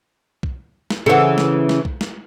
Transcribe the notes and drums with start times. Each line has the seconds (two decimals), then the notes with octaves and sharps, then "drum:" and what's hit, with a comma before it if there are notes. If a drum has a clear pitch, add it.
0.43 drum: kick B1
0.90 drum: snare
1.06 C#3 E3 A4 C5 F#5
1.38 drum: snare
1.69 drum: snare
1.85 drum: kick B1
2.01 drum: snare